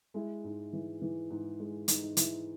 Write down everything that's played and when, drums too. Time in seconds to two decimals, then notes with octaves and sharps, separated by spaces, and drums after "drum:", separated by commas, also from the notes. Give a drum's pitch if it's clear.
0.14 G#3 E4
0.44 G#2
0.73 E3
1.02 E3
1.30 G#2
1.60 G#3
1.88 E3 D#4, drum: hi-hat
2.03 D#4
2.17 E3 E4, drum: hi-hat